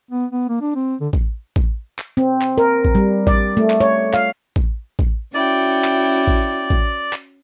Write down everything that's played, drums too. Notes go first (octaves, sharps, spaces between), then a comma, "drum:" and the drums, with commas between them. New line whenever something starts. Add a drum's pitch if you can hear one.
B3
B3
A#3
D4
C4
D3
drum: kick A1
drum: kick A1
drum: clap
C4
drum: clap
A#4
drum: kick A1
G3
D5, drum: kick A1
A3
drum: clap
C#5
F5, drum: clap
drum: kick A1
drum: kick A1
C#4 E4 F#4 D5 G5
drum: clap
drum: kick A1
drum: kick A1
drum: clap